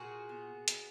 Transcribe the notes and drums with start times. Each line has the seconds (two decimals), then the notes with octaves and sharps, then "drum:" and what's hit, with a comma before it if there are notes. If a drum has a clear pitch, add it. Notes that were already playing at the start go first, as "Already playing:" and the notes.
Already playing: A#2 F#4 G#4
0.29 B3
0.68 B3, drum: hi-hat